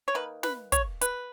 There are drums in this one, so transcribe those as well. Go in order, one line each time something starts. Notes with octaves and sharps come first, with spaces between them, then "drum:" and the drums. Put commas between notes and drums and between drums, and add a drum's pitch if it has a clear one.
C#5
D#3 A#3 B4
B4, drum: snare
C#5, drum: kick, hi-hat
B4, drum: hi-hat